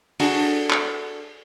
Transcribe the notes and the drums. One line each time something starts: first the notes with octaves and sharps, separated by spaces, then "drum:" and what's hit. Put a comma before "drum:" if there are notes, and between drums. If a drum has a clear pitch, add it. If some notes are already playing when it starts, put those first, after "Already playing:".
D4 F#4 G#4 A4, drum: open hi-hat
drum: clap